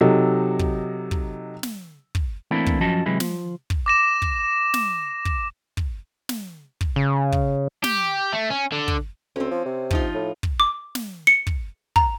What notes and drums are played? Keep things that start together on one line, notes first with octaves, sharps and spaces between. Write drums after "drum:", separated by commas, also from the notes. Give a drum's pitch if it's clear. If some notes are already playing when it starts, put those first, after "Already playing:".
C3 F#3 D#4 A4
drum: kick
drum: kick
drum: snare
drum: kick
E3 A3 A#3 C4 D4 E4
drum: kick
F#2 F3 C#4 F#4 D#5 A5
C3 E3 F#3 G#3 E4
F3, drum: snare
drum: kick
D6 A#6 E7
drum: kick
drum: snare
drum: kick
drum: kick
drum: snare
drum: kick
C#3
drum: kick
G4, drum: snare
A3
C#4
D3
drum: kick
D2 C4 C#4
F3
C3
F3 D#4 F4, drum: kick
A2
drum: kick
D6
drum: snare
C#7
drum: kick
A#5, drum: kick